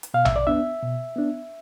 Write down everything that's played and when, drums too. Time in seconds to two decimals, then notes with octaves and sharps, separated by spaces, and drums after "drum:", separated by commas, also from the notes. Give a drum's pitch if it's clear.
0.03 drum: hi-hat
0.14 B2 F5
0.25 E5, drum: tom A#1
0.36 D5
0.47 B3 D4 E5
0.82 B2
1.16 B3 D4